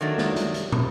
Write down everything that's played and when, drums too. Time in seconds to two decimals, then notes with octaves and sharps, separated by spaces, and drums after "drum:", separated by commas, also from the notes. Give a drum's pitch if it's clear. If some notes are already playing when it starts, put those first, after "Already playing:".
0.01 D#3 F#3 A3 D4
0.18 G#3, drum: snare
0.36 G3, drum: hi-hat
0.54 G3, drum: hi-hat
0.72 drum: tom